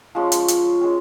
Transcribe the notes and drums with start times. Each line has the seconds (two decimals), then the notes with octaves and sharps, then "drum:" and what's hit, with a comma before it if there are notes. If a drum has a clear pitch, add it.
0.15 F3 G#3 C#4
0.32 drum: hi-hat
0.48 drum: hi-hat
0.81 G#3 C#4